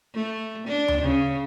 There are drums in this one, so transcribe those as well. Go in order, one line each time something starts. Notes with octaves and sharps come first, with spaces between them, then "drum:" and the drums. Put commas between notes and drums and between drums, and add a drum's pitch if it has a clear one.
A3
D4
drum: tom D2
C#3